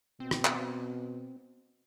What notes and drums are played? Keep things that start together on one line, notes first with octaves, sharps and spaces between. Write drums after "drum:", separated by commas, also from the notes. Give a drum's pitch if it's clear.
B2 C4
drum: rim click
drum: clap